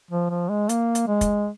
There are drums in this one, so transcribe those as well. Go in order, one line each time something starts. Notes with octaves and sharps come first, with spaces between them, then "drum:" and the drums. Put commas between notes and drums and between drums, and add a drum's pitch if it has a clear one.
F3
F3
G#3
A#3, drum: hi-hat
drum: hi-hat
G#3
drum: kick, hi-hat